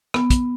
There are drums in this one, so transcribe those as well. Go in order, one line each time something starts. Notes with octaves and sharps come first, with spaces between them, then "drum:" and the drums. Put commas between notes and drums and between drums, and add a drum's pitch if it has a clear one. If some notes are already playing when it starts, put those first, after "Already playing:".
B3, drum: rim click
drum: kick, hi-hat